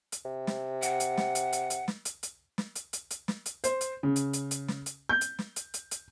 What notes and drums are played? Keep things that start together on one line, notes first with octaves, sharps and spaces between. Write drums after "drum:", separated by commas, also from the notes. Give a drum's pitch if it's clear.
drum: hi-hat
C3
drum: snare
F#5, drum: hi-hat
drum: hi-hat
drum: snare
drum: hi-hat
drum: hi-hat
drum: hi-hat
drum: snare
drum: hi-hat
drum: hi-hat
drum: snare
drum: hi-hat
drum: hi-hat
drum: hi-hat
drum: snare
drum: hi-hat
C5, drum: hi-hat
drum: hi-hat
C#3
drum: hi-hat
drum: hi-hat
drum: hi-hat
drum: snare
drum: hi-hat
G6
drum: hi-hat
drum: snare
drum: hi-hat
drum: hi-hat
drum: hi-hat